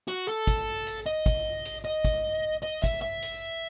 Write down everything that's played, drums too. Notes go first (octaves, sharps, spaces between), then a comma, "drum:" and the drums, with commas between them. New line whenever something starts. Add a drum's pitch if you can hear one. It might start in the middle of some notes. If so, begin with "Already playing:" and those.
F#4
A4
drum: kick, hi-hat
drum: hi-hat
D#5
drum: kick, hi-hat
drum: hi-hat
D#5
drum: kick, hi-hat
D#5
E5, drum: kick, hi-hat
E5
drum: hi-hat